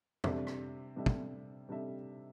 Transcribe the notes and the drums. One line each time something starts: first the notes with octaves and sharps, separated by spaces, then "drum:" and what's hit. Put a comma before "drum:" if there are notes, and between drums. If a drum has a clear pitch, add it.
C3 G3 D4 A4 E5, drum: tom
drum: rim click
C3 G3 D4 A4 E5
drum: kick
C3 G3 D4 A4 E5